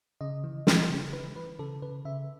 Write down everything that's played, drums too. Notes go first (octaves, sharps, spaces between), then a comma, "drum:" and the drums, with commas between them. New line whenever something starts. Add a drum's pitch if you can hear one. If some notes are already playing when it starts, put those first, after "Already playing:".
C#3 D#5
E3
E3, drum: snare
C#3
E3 B4
E3 B4
C#3 A4
C#3 B4
C#3 E5